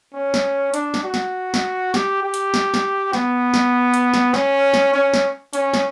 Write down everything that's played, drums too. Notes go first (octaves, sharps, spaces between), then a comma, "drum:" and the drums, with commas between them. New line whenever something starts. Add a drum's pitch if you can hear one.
C#4
drum: snare
D4, drum: hi-hat
drum: snare
F#4
drum: snare
drum: snare
G4, drum: snare
G4
drum: hi-hat
drum: snare
drum: snare
B3, drum: snare
drum: snare
drum: hi-hat
drum: snare
C#4, drum: snare
drum: snare
C#4
drum: snare
C#4, drum: hi-hat
drum: snare